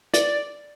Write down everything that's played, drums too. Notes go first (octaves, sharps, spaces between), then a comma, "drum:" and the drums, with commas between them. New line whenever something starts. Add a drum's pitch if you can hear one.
D5, drum: hi-hat